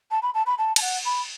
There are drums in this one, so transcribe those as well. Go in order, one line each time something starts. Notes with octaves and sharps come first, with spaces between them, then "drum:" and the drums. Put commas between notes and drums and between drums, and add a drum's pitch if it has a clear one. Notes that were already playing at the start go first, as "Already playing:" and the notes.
A5
B5
A5
B5
A5
A5, drum: cymbal
F#5
B5